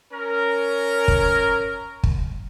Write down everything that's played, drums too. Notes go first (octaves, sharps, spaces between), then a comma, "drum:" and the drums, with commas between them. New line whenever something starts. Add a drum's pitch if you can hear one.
C#4 A#4
drum: kick
drum: kick